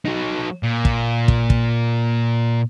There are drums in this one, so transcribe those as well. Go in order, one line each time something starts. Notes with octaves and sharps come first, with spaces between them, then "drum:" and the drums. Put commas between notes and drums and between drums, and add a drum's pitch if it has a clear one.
F#3 D#4
A#2
drum: kick
drum: kick
drum: kick